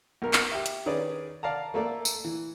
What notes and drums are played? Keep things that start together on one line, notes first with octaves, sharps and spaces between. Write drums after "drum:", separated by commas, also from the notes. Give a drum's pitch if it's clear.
B1 A#4
drum: clap
G4 E5
drum: hi-hat
D#3 C#4 G#4 B4 D5
D5 F5 A5 A#5
A3 A#3 A4 D5
drum: tambourine
E3